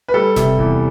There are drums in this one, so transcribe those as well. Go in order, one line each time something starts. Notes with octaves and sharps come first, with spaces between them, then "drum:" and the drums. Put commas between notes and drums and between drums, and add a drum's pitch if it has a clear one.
B4
G3 A4
C3, drum: snare F1
E2, drum: kick D1